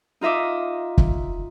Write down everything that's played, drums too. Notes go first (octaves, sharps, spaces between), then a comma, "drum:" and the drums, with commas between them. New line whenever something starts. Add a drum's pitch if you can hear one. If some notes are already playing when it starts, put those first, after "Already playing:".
D#4 F4 D#5 E5 D6
drum: kick